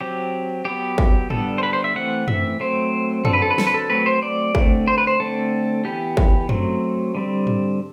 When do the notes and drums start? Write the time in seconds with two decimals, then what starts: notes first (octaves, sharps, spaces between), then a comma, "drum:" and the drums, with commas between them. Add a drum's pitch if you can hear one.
0.01 F#3 C4 G4
0.65 F#3 B3 G4
0.98 drum: kick
1.30 D3 G3 B3 A4, drum: tom G#2
1.58 C5
1.63 B4
1.73 C5
1.84 E5
1.95 E3 A3 C4 F#5
2.28 E5, drum: tom F#2
2.60 F#3 A3 C4 C5
3.25 D3 F#3 C4 A4, drum: tom F#2
3.33 B4
3.42 A4
3.50 B4
3.58 A4, drum: snare
3.67 B4
3.74 A4
3.90 F#3 A3 C4 B4
4.06 C5
4.22 D5
4.55 D3 A3 C4, drum: kick
4.88 C5
4.98 B4
5.07 C5
5.20 D3 A3 C4 A4
5.85 E3 B3 G4
6.17 drum: kick
6.49 F#3 A3 C4, drum: tom F#2
7.15 D3 G3 C4
7.47 drum: tom G#2